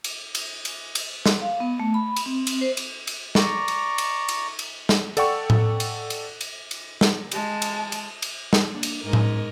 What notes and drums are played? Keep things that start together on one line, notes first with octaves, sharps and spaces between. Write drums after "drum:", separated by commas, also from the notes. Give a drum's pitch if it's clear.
drum: cymbal
drum: cymbal
drum: cymbal
drum: cymbal
drum: snare
F5
B3
A3
B5
drum: cymbal
C4
drum: cymbal
C5
drum: cymbal
drum: cymbal
D5 A#5 C#6, drum: snare
drum: cymbal
drum: cymbal
drum: cymbal
drum: cymbal
drum: snare
A4 D5 F#5 G5 C#6, drum: cymbal
drum: tom A2
drum: cymbal
drum: cymbal
drum: cymbal
drum: cymbal
drum: snare
G#3 A5, drum: cymbal
drum: cymbal
drum: cymbal
drum: cymbal
drum: snare
A#3 D4
drum: cymbal
G#2 A#4 D#5
drum: tom A2